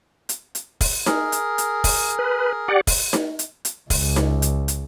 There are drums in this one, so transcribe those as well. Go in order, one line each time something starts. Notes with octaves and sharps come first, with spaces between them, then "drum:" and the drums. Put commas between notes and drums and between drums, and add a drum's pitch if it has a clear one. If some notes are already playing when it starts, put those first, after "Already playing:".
drum: hi-hat
drum: hi-hat
drum: kick, open hi-hat
G#4 A#4, drum: snare D#4
drum: hi-hat
drum: hi-hat
drum: kick, open hi-hat
B4
G4 D5 F#5
drum: kick, open hi-hat
drum: snare D#4
drum: hi-hat
drum: hi-hat
C#2, drum: kick, open hi-hat
drum: snare D#4
drum: hi-hat
drum: hi-hat